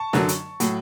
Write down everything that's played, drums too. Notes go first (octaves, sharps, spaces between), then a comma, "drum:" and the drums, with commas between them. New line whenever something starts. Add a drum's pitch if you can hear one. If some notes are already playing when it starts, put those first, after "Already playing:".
Already playing: A5 C#6
F#2 D3 F#3, drum: snare
drum: hi-hat
A2 F#3, drum: hi-hat